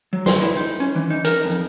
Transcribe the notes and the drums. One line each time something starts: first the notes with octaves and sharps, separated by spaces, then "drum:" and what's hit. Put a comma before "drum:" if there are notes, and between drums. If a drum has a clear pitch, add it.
F#3
C6, drum: snare
E4
D#4
C#4
E3
D#4
A#4, drum: hi-hat
F2